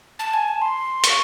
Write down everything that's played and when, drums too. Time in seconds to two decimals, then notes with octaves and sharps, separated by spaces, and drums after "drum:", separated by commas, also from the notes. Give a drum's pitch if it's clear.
0.19 A5
0.33 G#5
0.48 A5
0.62 C6
1.04 C#6, drum: hi-hat